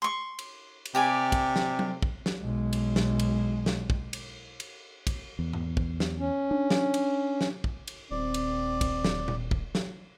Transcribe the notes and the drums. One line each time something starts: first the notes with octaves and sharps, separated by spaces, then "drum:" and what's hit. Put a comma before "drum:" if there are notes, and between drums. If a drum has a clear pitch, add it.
C6 C#6
drum: cymbal
drum: cymbal
C3 G4 D5 G#5
drum: kick, cymbal
drum: snare
drum: tom F#3
drum: kick
drum: snare
B1 G#3
drum: cymbal
drum: snare
drum: cymbal
drum: snare
drum: kick
drum: cymbal
drum: cymbal
drum: kick, cymbal
E2
drum: tom G#2
drum: kick
drum: snare
C#4
D4
drum: snare
drum: cymbal
drum: snare
drum: kick
drum: cymbal
D#1 C4 D5
drum: cymbal
drum: kick, cymbal
drum: snare
drum: tom A#2
drum: kick
drum: snare